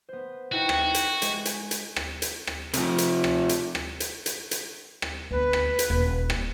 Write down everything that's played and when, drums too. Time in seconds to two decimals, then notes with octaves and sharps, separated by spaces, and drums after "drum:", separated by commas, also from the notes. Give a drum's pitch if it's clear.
0.09 B3 C5
0.52 D#4 E4 F#4 G5
0.69 drum: rim click
0.78 E4
0.94 drum: hi-hat
1.22 G#3 E7, drum: hi-hat
1.45 G#5, drum: hi-hat
1.71 drum: hi-hat
1.96 drum: rim click
2.22 drum: hi-hat
2.47 drum: rim click
2.73 C3 F3, drum: hi-hat
2.98 drum: hi-hat
3.24 drum: rim click
3.49 drum: hi-hat
3.75 drum: rim click
4.00 drum: hi-hat
4.26 drum: hi-hat
4.51 drum: hi-hat
5.02 drum: rim click
5.31 D2 B3 B4
5.53 drum: rim click
5.79 drum: hi-hat
5.90 D#1
6.30 drum: rim click